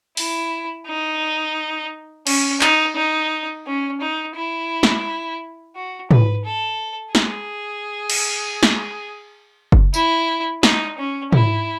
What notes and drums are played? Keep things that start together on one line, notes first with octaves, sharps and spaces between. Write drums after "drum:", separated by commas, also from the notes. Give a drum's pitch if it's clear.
E4, drum: open hi-hat
D#4
C#4, drum: cymbal
D#4, drum: clap
D#4
C#4
D#4
E4
drum: snare
F#4
B4, drum: tom
A4
G#4, drum: snare
drum: cymbal
drum: snare
drum: kick F#1
E4, drum: tambourine
D#4, drum: snare
C#4
E4, drum: tom